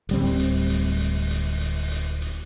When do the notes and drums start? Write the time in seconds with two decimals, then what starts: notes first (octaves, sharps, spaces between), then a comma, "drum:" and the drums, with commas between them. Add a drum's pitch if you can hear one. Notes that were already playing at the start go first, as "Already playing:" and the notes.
0.09 D1 G3 C4, drum: hi-hat
0.24 drum: open hi-hat
0.39 drum: hi-hat
0.54 drum: open hi-hat
0.70 drum: hi-hat
0.85 drum: open hi-hat
1.00 drum: hi-hat
1.15 drum: open hi-hat
1.30 drum: hi-hat
1.46 drum: open hi-hat
1.61 drum: hi-hat
1.76 drum: open hi-hat
1.91 drum: hi-hat
2.22 drum: hi-hat